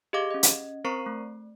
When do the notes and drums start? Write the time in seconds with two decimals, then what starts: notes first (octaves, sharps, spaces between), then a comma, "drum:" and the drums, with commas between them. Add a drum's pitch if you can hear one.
0.13 G4 G#4 D#5 F5 D6
0.30 C#4 D#5
0.43 drum: hi-hat
0.84 C4 A#4 C5 A#5 C#6 C7
1.06 A3